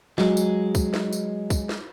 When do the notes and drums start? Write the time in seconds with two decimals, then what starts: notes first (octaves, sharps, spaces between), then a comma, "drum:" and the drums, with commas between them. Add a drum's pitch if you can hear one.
0.18 F#3 G#3, drum: snare
0.37 drum: tambourine
0.75 drum: kick, tambourine
0.94 drum: snare
1.13 drum: tambourine
1.50 drum: kick, tambourine
1.69 drum: snare